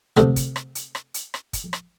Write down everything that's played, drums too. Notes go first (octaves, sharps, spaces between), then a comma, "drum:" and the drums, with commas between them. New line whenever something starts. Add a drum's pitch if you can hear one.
D2 C3 A3, drum: rim click
drum: kick, hi-hat
drum: rim click
drum: hi-hat
drum: rim click
drum: hi-hat
drum: rim click
drum: kick, hi-hat
drum: rim click